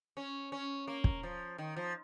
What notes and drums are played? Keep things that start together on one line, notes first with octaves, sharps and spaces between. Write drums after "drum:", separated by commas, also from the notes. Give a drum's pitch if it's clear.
C#4
C#4
A#3
drum: kick
F3
D#3
F3